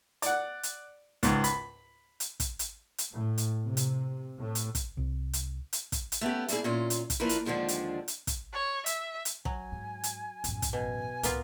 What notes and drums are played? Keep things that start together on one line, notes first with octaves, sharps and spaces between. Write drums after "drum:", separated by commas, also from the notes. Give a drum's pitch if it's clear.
D5 F#5, drum: hi-hat
drum: hi-hat
C#2 G#2, drum: kick, hi-hat
B5, drum: hi-hat
drum: hi-hat
drum: kick, hi-hat
drum: hi-hat
drum: hi-hat
A2
drum: hi-hat
C3
drum: hi-hat
A2
drum: hi-hat
drum: kick, hi-hat
C2
drum: hi-hat
drum: hi-hat
drum: kick, hi-hat
drum: hi-hat
A3 B3 C#4 G4
G3 A3 A#3 E4 G#4, drum: hi-hat
A#2 C#4 F4
drum: hi-hat
drum: kick, hi-hat
E3 F3 A#3 D4 A#4 B4
drum: hi-hat
D#2 D3 F3 G#3 D4
drum: hi-hat
drum: hi-hat
drum: kick, hi-hat
C#5
E5, drum: hi-hat
drum: hi-hat
F#3 G#5, drum: kick
G#2
drum: hi-hat
A1 F#2, drum: hi-hat
drum: kick, hi-hat
B2 G#5
C#2 A2 A#3 B3 F4, drum: hi-hat